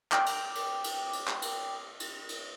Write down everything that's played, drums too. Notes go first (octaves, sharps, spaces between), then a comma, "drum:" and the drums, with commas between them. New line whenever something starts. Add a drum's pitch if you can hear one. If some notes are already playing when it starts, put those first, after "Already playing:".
G5 D6, drum: clap
drum: cymbal
drum: cymbal
drum: cymbal
drum: cymbal
drum: clap
drum: cymbal
drum: cymbal
drum: cymbal